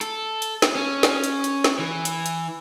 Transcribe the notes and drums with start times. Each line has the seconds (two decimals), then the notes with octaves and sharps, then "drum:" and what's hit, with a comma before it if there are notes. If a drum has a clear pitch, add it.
0.01 A4, drum: hi-hat
0.42 drum: hi-hat
0.62 drum: snare
0.75 C#4
1.03 drum: snare
1.24 drum: hi-hat
1.44 drum: hi-hat
1.64 drum: snare
1.79 E3
2.05 drum: hi-hat
2.26 drum: hi-hat